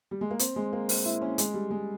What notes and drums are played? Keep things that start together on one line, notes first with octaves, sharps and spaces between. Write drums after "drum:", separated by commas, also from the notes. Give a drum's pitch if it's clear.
G3
G#3
A#3
C4, drum: hi-hat
G#3
A#3
C4, drum: open hi-hat
E4
C#4
G#3, drum: hi-hat
G3
G#3